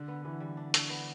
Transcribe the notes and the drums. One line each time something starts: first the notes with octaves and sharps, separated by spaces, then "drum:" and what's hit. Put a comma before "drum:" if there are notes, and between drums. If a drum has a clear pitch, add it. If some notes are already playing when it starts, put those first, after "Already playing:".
Already playing: D3 D4
B3
E3 B3
G3
D4
D4, drum: hi-hat
B3